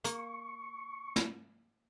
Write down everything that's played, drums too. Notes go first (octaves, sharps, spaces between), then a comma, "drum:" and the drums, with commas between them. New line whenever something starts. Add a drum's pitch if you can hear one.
A#3 C#6, drum: hi-hat
drum: snare